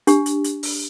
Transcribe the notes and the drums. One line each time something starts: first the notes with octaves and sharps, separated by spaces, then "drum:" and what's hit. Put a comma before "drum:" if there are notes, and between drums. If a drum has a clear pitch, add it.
D4 G4, drum: hi-hat
drum: hi-hat
drum: hi-hat
drum: open hi-hat